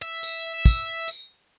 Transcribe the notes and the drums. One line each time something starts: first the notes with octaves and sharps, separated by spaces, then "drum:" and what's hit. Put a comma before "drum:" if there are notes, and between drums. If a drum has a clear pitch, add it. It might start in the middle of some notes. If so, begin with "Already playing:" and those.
E5
drum: tambourine
drum: kick, tambourine
drum: tambourine